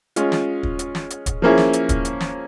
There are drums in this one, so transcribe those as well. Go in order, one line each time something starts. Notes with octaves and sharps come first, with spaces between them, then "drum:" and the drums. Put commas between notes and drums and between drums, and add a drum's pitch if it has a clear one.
G#3 C#4 F4, drum: hi-hat
drum: snare
drum: kick
drum: hi-hat
drum: snare
drum: hi-hat
drum: kick, hi-hat
F3 A#3 C#4 E4 G#4
drum: snare
drum: hi-hat
drum: kick, hi-hat
drum: hi-hat
drum: snare